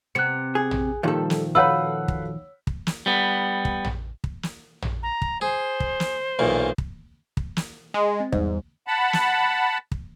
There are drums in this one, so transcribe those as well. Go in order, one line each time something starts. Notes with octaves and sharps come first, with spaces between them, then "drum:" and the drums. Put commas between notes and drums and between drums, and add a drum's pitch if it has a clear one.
C3 B3 C4 F#6 C#7
G#4
drum: tom
A#2 D#3 F3 G3 A4
drum: snare
F#4 A4 B4 C#5 F5 F#5 B5 E6
drum: kick
drum: kick
drum: snare
G3 B3
drum: kick
drum: tom
drum: kick
drum: snare
drum: tom
A#5
drum: kick
G#4 C5
drum: kick
drum: snare
B1 E2 A#2
drum: kick
drum: kick
drum: snare
G#3
C4
E2 G#2 G3, drum: kick
F#5 A5 B5
drum: snare
drum: kick